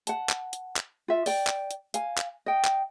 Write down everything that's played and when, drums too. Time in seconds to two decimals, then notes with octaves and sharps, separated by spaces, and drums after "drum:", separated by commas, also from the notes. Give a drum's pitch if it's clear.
0.07 F#5 A5, drum: hi-hat
0.29 drum: clap
0.53 drum: hi-hat
0.76 drum: clap
1.08 F4 E5
1.26 D5 G5, drum: open hi-hat
1.47 drum: clap
1.71 drum: hi-hat
1.94 F5 G#5, drum: hi-hat
2.18 drum: clap
2.46 D#5 G5
2.65 drum: clap